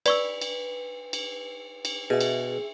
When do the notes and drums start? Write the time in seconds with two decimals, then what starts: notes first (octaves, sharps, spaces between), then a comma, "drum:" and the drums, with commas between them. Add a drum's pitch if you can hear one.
0.06 B4 D5 C#6 E6, drum: cymbal
0.41 drum: cymbal
1.13 drum: cymbal
1.85 drum: cymbal
2.10 B2 G#4 E5
2.21 drum: cymbal